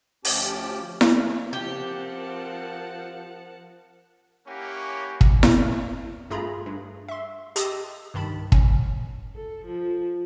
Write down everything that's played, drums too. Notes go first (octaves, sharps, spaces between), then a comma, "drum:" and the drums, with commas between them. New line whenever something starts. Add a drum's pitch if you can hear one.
D2 F3 C#4 G4 A5 D6, drum: open hi-hat
drum: snare E4
F3 C4 G4 A#4 F#5 A5
A#3 C#4 E4 G4 C#5 F#5
drum: kick
drum: snare E4
G2 A3 F4 G#4 A#5 B5
G2
E5 C6
G4 D#5 A5 C6 D#6 E6, drum: hi-hat
C2 G2 D#3 A5 B5
C#4, drum: kick
A4
F3